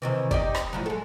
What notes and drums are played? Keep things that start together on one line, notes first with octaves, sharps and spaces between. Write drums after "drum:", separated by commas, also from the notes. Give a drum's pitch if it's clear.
C3 D#3 E3
D#4 G4 D5, drum: kick
drum: rim click
A2 F3 F#3
G#3 A4